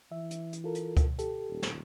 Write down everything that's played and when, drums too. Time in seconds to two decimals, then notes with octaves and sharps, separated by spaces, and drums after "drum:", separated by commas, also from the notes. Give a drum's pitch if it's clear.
0.12 E3 E5
0.31 drum: hi-hat
0.53 drum: hi-hat
0.64 F4 A4 A#4
0.75 drum: hi-hat
0.97 drum: kick C#2, hi-hat
1.19 G4 A4, drum: hi-hat
1.49 D#1
1.62 drum: snare